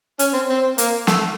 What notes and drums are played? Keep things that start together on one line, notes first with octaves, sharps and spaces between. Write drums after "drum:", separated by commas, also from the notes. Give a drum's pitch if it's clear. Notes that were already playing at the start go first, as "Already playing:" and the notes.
C#4, drum: hi-hat
C4
C4
A#3, drum: hi-hat
A3, drum: snare